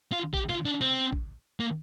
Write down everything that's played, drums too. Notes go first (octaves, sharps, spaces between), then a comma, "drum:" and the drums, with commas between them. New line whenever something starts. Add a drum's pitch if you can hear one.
F4
G4, drum: kick
F4, drum: snare
D4
C4, drum: snare
drum: kick
A#3